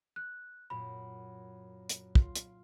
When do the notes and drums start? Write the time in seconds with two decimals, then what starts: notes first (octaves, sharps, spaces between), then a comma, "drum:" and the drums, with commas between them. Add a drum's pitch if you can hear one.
0.16 F#6
0.70 F#2 A#2 B5
1.89 drum: hi-hat
2.15 F4, drum: kick
2.36 drum: hi-hat